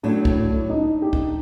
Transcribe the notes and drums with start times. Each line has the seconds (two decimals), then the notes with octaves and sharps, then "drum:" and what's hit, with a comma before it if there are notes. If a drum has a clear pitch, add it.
0.03 A2 F#3 A3 D4
0.25 drum: kick
0.70 D#4
1.02 G4
1.13 drum: kick